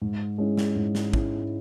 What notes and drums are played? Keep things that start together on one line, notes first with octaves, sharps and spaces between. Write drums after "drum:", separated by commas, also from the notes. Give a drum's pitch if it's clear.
G#2
G#3 C#4 E4
drum: snare
G#2
drum: snare
G#3 C#4 E4, drum: kick